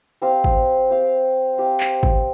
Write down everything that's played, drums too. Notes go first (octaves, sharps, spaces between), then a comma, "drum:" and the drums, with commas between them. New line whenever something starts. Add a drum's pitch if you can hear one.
C4 G4 C5 F5
drum: kick
C4 G4 C5 F5
C4 G4 C5 F5
drum: clap
drum: kick